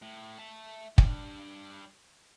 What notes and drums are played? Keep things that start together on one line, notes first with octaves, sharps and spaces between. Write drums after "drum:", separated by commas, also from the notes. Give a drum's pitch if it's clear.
A2
E5 A5
G3 D4, drum: kick